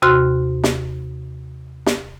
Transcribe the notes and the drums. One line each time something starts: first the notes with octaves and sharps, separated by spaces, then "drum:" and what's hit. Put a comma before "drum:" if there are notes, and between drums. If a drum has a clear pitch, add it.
D#2 C3 F#4 C6 F6 F#6
drum: snare
drum: snare